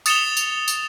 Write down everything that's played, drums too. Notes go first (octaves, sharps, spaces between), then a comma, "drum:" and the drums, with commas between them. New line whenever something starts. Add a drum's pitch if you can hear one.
D#6 A6 C#7 E7 F7 G7, drum: tambourine
drum: tambourine
drum: tambourine